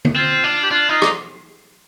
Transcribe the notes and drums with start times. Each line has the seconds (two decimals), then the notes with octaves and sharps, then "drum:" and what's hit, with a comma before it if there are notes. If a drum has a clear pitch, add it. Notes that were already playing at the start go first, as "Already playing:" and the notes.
0.05 drum: tom
0.16 C4 F4
0.44 D4
0.63 G4
0.71 D4 F4
0.89 D#4 F4
1.02 D5, drum: rim click